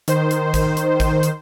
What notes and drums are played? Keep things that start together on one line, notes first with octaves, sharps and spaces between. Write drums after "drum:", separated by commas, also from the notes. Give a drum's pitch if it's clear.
D#3 C5, drum: hi-hat
drum: hi-hat
drum: kick A1, hi-hat
drum: hi-hat
drum: kick A1, hi-hat
drum: hi-hat